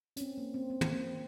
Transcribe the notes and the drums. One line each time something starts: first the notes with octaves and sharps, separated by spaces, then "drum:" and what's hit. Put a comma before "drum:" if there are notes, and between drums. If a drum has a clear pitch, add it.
C#4, drum: hi-hat
C4
A#3
C4
C4
A#3, drum: tom
C4